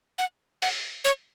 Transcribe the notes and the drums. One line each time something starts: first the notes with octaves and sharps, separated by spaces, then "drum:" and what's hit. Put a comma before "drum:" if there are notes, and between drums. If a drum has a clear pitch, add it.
F#5
F#5, drum: open hi-hat
C#5